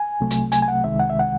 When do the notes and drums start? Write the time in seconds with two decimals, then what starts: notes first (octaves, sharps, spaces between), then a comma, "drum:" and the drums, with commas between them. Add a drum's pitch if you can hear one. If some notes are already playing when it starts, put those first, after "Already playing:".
Already playing: G#5
0.20 C2 C3 F#3 A3
0.30 drum: hi-hat
0.52 G#5, drum: hi-hat
0.62 G#5
0.68 F#5
0.84 C2 C3 D#3 G#3 E5
0.99 F#5
1.10 E5
1.19 F#5